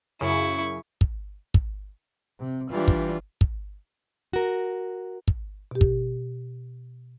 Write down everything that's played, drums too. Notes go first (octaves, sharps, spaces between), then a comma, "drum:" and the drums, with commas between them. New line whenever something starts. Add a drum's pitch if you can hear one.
F#2 C#3 E4 C#6
drum: kick
drum: kick
C3
E3 G3 D4 F4
drum: kick
drum: kick
F#4 A#4
drum: kick
B2 G4
drum: kick